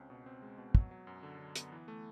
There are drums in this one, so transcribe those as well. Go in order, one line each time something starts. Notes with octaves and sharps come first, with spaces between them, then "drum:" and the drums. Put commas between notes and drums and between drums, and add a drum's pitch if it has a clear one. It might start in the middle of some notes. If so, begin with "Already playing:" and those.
Already playing: C#2 C4 C#4
B2
C4
G#3
B2
F#3, drum: kick
F#3
F#2
D3
D3
B3, drum: hi-hat
E3
A3